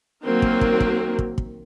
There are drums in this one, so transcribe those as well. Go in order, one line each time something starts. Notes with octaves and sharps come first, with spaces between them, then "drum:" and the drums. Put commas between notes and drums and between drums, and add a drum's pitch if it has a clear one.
D#3 F#3 A#3 C4 A#4
drum: kick
drum: kick
drum: kick
drum: kick
drum: kick